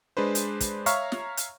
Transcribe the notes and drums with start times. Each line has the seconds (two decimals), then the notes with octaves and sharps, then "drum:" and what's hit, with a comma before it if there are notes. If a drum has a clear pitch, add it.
0.17 G#3 D4 B4 C5
0.35 drum: hi-hat
0.60 drum: kick, hi-hat
0.86 C#5 E5 F5 A#5 C#6 F6, drum: hi-hat
1.12 drum: snare
1.37 drum: hi-hat